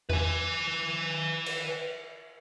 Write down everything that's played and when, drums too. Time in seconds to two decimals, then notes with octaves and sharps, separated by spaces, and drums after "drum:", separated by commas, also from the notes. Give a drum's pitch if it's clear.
0.10 B4 G#5, drum: tom E2
1.46 drum: cymbal